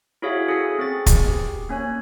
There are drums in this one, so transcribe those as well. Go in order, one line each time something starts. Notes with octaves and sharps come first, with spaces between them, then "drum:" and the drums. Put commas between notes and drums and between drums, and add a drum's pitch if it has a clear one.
E4 F#4 G#4 C#5 E5 F5
C#4 G#4 A4 B6 C7
C4 G#4 A6
drum: kick, hi-hat
G4
A#3 C#4 C#5